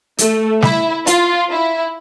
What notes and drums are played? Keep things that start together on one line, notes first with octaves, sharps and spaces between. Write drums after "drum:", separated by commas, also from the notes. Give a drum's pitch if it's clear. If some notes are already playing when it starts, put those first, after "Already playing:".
A3, drum: hi-hat
E4, drum: snare
F4, drum: hi-hat
E4